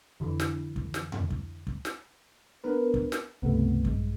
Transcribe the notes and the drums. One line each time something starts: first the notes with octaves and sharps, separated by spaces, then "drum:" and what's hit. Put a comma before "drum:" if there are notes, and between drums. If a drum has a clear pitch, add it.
F2 D3 E3
drum: snare
drum: kick
drum: snare
drum: tom E2
drum: kick
drum: kick
drum: snare
B3 D4 A#4 B4
drum: kick
drum: snare
C#2 G2 C3 A3 B3
A#1 G2 G#3, drum: kick